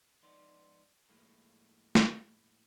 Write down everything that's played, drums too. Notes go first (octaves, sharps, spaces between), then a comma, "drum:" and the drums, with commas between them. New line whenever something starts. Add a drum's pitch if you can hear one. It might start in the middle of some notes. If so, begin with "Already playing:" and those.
G#2 F3 B3 D#4 D5 C6
A2 F3 G#3 A#3
drum: snare